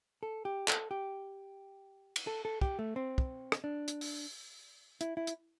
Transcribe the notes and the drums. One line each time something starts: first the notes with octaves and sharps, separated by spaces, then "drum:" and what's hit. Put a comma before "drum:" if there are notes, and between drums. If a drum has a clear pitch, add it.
A4
G4
A4, drum: clap
G4
drum: cymbal
A4
A4
G4, drum: kick
A3
C4
drum: kick
drum: rim click
D4
drum: hi-hat
drum: open hi-hat
E4, drum: hi-hat
E4
drum: hi-hat